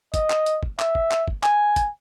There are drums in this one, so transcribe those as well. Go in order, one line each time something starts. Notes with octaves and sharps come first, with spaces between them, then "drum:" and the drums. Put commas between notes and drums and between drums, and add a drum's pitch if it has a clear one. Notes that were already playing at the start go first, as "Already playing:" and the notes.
D#5, drum: kick, hi-hat
drum: clap
drum: hi-hat
drum: kick
E5, drum: clap
drum: kick
drum: clap
drum: kick
G#5, drum: clap
drum: kick, hi-hat